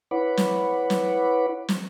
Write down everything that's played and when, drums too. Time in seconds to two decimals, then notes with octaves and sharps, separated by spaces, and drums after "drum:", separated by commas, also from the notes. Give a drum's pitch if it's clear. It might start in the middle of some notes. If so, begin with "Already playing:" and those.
0.11 E4 B4 C#5 F#5 B5 D6
0.37 drum: snare
0.90 drum: snare
1.68 drum: snare